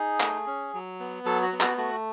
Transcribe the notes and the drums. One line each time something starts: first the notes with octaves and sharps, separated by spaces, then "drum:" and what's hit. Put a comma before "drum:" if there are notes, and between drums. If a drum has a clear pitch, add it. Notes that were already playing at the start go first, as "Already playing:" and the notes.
Already playing: D#4 G#4
A3, drum: clap
C#4
F#3
B3
F#3 A4
F#4
B3
F#4, drum: clap
A3 F#4